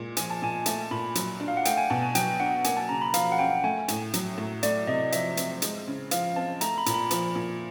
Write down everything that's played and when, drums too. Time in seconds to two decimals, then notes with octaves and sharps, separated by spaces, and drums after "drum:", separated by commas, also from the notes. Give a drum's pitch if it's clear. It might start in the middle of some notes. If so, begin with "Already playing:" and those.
Already playing: A#2 G#3
0.17 F3 G#5, drum: hi-hat
0.30 A5
0.42 A#2 G#5
0.66 A3 A5, drum: hi-hat
0.91 A#2 B5
1.15 F#3, drum: hi-hat
1.40 D4
1.48 F5
1.57 F#5
1.65 A3 G5, drum: hi-hat
1.77 G#5
1.90 B2 A5
2.02 G#5
2.15 F#3 G5, drum: hi-hat
2.40 D4 F#5
2.64 A#3 G#5, drum: hi-hat
2.77 A5
2.89 C#3 A#5
3.02 B5
3.14 F3 F5, drum: hi-hat
3.32 F#5
3.39 C#4 G5
3.64 A3 G#5
3.88 A2, drum: hi-hat
4.14 F#3, drum: hi-hat
4.38 A2
4.63 A3 D5, drum: hi-hat
4.87 C3 D#5
5.12 F3 E5, drum: hi-hat
5.37 C4, drum: hi-hat
5.62 G#3, drum: hi-hat
5.87 C#3
6.11 F3 F5, drum: hi-hat
6.36 C4 A5
6.61 A3 A#5, drum: hi-hat
6.78 B5
6.86 A#2, drum: hi-hat
6.94 B5
7.11 F3, drum: hi-hat
7.35 A#2